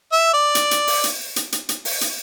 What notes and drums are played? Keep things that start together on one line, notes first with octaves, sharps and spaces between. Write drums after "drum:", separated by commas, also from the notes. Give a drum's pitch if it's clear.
E5
D5
drum: hi-hat
drum: hi-hat
drum: open hi-hat
drum: hi-hat
drum: hi-hat
drum: hi-hat
drum: hi-hat
drum: open hi-hat
drum: hi-hat